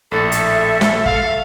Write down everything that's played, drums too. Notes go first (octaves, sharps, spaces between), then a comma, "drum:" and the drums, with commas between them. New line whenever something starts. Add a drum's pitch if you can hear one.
A#1 A2 A4 E5
drum: hi-hat
drum: snare
F5, drum: kick